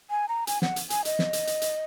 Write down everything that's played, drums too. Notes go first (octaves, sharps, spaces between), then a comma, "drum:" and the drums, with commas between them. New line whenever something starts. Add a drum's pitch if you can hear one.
G#5
A#5
G#5, drum: hi-hat
F#5, drum: snare
drum: hi-hat
G#5, drum: hi-hat
D#5, drum: hi-hat
drum: snare
drum: hi-hat
drum: hi-hat
drum: hi-hat